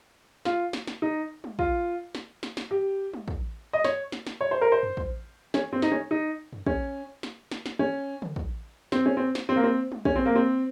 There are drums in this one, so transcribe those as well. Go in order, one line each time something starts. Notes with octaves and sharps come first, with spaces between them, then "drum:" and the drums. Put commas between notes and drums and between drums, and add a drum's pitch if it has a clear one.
F4, drum: snare
drum: snare
drum: snare
D#4
drum: tom G3
F4, drum: kick
drum: snare
drum: snare
drum: snare
G4
drum: tom G3
drum: kick
D#5
C#5, drum: snare
drum: snare
drum: snare
C#5
C5
A#4
C5
drum: tom F2
drum: kick
C#4, drum: snare
C4
D#4, drum: snare
C#4
D#4
drum: tom F2
C#4, drum: kick
drum: snare
drum: snare
drum: snare
C#4
drum: tom
drum: kick
C4, drum: snare
C#4
C4
drum: snare
C4
A#3
C4
drum: tom G3
C#4, drum: kick
C4
A#3
C4